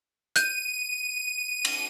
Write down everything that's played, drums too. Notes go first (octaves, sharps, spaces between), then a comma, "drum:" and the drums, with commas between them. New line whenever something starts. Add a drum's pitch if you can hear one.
F#6 G6 D#7, drum: hi-hat
drum: cymbal